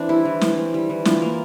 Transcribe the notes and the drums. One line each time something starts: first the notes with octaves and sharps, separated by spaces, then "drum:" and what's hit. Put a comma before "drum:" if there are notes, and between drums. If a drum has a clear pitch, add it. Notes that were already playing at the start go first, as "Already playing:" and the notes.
Already playing: E3 C4 D4
G3 E4
E3
E3, drum: snare
C4
G3
E3
E3 F4, drum: snare
A#3